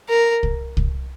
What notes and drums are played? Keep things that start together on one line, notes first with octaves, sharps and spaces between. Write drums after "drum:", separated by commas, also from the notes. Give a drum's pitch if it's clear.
A#4
drum: kick C2
drum: kick C2